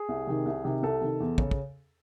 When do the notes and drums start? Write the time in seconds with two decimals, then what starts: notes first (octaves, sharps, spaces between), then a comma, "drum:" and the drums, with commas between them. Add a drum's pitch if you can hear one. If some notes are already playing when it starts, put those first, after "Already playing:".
Already playing: G#4
0.09 C2
0.27 C3 D#3
0.46 C2
0.64 C3 D#3
0.82 C2 A4
1.01 C3 D#3
1.20 E2
1.38 C#3, drum: kick
1.51 drum: kick